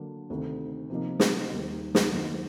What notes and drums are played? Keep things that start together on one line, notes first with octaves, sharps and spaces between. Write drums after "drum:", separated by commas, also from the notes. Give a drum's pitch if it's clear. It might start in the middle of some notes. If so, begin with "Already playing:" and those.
Already playing: D3 F#3 A#3 D4
D2 C3 D#3
C3 F3 A#3 D#4
drum: snare
D#2 D#3 G3
drum: snare
F#2 D#3 F#3 A#3